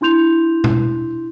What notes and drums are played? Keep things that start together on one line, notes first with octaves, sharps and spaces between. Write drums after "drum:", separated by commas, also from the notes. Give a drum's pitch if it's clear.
D4 E4 C6 G6 F7
drum: tom B2